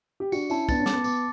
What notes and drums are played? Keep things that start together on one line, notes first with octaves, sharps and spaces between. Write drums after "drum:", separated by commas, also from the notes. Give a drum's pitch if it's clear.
G4
D4 F#4 C#7, drum: tambourine
C#4 E4 A5, drum: tambourine
B3 D4 A6, drum: kick, tambourine
C#4
D6, drum: snare
B3
B3 D6, drum: tambourine